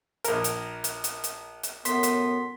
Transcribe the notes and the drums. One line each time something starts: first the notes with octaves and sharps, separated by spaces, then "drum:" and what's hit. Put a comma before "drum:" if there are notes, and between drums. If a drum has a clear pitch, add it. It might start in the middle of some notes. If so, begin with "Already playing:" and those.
A#1 A#4, drum: hi-hat
drum: hi-hat
drum: hi-hat
drum: hi-hat
drum: hi-hat
drum: hi-hat
F#2 A2 B3 C6 B6, drum: hi-hat
drum: hi-hat